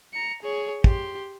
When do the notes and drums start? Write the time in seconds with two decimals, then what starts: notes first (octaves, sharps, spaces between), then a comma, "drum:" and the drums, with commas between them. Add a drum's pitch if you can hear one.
0.13 A#5 C#7
0.42 G#4 C#5
0.84 G4 C6, drum: kick